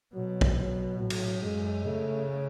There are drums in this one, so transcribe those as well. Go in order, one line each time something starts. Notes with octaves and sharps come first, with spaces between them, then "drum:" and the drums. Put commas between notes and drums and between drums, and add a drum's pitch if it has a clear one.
B2 F#3
drum: kick
F#3
A2 F#3
drum: cymbal
F#2 G#3
C#3 A3